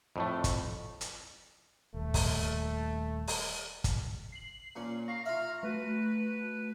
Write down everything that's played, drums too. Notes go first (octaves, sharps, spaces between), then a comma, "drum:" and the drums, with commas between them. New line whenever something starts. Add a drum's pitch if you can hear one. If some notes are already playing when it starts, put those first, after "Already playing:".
F2 A2 A3
drum: kick, hi-hat
drum: hi-hat
D#1 A3
drum: kick, open hi-hat
drum: open hi-hat
drum: kick, hi-hat
C7 F#7
A#2 C#4
F5 A#5 C#6 A#6
F4 E5 F6
A3 F#4 B4